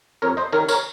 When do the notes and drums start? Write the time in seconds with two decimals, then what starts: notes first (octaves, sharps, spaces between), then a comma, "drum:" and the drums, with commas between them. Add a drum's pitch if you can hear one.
0.22 F2 A#4 C#5
0.37 C5 D#5
0.53 D#3 A#4 C#5
0.69 A#4 C#5, drum: tambourine